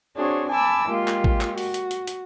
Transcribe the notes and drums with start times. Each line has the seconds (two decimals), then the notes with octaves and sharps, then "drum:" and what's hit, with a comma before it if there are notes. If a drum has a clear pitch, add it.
0.16 C4 D4 F#4 G#4 C5 C#5
0.50 G#5 A5 B5 D6 E6
0.88 G#3 A#3 F4 G4
1.08 drum: clap
1.24 drum: kick
1.41 drum: clap
1.58 F#4, drum: open hi-hat
1.74 drum: hi-hat
1.91 drum: hi-hat
2.07 drum: hi-hat